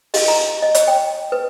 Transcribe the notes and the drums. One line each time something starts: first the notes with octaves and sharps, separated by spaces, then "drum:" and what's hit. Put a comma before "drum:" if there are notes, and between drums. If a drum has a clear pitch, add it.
D#5, drum: open hi-hat
A#5
D#5
drum: hi-hat
G5
B4